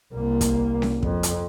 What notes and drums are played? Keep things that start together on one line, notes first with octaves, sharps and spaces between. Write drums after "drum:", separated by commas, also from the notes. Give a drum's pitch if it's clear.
C2 A#3
drum: kick, hi-hat
drum: snare C#4
F2, drum: kick
drum: hi-hat